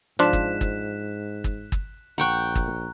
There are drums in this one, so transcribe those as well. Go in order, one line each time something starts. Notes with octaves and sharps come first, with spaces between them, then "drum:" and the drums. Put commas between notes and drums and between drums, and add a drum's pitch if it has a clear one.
G#2 F3 D4 F4 F#6 B6 E7
drum: kick
drum: kick
drum: kick
drum: kick
A#1 F#5 G5 A#5 C#6 F#6
drum: kick